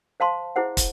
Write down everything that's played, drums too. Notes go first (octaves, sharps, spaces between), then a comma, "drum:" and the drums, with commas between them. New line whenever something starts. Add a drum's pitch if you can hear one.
C5 F5 A5 C6
E4 G#4 C5 F#5
drum: kick, hi-hat